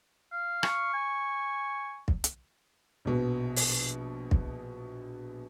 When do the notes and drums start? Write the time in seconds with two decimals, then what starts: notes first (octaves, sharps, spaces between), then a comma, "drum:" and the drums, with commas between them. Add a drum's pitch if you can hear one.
0.32 F5
0.63 C#6, drum: rim click
0.93 G#5
2.08 drum: kick
2.24 drum: hi-hat
3.05 A#1 B2
3.56 drum: open hi-hat
4.31 drum: kick